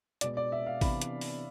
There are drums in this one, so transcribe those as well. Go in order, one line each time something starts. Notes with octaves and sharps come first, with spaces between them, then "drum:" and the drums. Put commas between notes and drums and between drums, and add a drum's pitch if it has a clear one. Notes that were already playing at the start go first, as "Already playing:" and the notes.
B2 G#3 B3 D5, drum: hi-hat
D5
E5
F5
C3 E3 B3 D4 B5, drum: kick, open hi-hat
drum: hi-hat
drum: open hi-hat